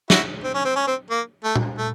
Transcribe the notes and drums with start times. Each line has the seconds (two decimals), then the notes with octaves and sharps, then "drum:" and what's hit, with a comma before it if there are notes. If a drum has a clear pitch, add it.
0.10 E4 F#4, drum: snare
0.44 C4
0.54 C#4
0.65 C4
0.76 C#4
0.87 C4
1.10 A#3
1.44 A3
1.56 drum: tom A#2
1.78 A3